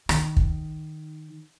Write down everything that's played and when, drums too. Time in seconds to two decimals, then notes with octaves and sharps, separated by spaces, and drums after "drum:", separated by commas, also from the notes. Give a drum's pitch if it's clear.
0.09 D#3, drum: rim click
0.37 drum: kick